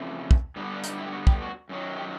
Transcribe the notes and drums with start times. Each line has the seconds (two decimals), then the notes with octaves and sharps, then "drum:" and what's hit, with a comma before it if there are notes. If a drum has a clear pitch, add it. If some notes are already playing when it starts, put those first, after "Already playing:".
Already playing: F2 C#3 E3 A3
0.31 drum: kick
0.56 G2 D3 G3 B3
0.75 D4
0.84 D#4, drum: hi-hat
0.98 E4
1.06 G4
1.12 F#4
1.27 G4, drum: kick
1.42 F#4
1.69 F#2 D#3 F#3
1.98 G4